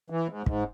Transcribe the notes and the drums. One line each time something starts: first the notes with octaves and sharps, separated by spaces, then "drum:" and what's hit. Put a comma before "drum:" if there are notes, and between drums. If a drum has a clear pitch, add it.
E3
G#2
G#2, drum: kick